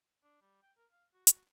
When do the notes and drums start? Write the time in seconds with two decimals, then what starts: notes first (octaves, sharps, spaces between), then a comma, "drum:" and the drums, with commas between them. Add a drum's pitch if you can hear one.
0.23 D4
0.41 G3
0.62 G5
0.77 A#4
0.91 F5
1.13 F#4
1.27 F#4, drum: hi-hat